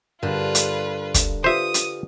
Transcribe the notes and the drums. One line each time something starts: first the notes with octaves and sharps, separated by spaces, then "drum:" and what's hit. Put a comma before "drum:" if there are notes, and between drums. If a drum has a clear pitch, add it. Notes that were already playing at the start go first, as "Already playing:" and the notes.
G2 D3 F4 G4 A#4 B4
drum: hi-hat
drum: kick, hi-hat
F4 G4 B4 C5 E5 D#6
drum: hi-hat